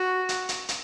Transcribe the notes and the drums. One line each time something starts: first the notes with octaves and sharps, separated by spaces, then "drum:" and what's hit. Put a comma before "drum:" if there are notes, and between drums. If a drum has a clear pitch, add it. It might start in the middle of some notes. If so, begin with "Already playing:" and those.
Already playing: F#4
drum: hi-hat
drum: hi-hat
drum: hi-hat